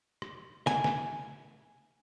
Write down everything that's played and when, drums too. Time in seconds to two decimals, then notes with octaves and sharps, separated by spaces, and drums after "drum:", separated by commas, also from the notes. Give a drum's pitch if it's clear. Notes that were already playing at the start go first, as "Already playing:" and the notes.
0.22 drum: rim click
0.67 G#5, drum: snare
0.84 drum: snare